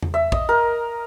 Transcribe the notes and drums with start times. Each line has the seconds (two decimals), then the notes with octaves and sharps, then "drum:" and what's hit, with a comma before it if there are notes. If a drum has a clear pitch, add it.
0.03 drum: tom E2
0.14 E5
0.32 D#5, drum: kick
0.49 A#4